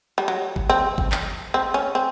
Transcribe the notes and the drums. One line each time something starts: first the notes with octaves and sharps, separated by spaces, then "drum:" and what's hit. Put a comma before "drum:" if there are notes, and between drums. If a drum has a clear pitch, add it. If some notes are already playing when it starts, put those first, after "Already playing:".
G3
F#3
drum: kick G#1
C4
drum: kick G#1
drum: clap
C4
C#4
C4